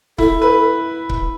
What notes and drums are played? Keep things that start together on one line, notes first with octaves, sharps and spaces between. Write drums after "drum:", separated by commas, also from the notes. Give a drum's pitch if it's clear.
E4 A4, drum: kick C#1
B4
drum: kick C#1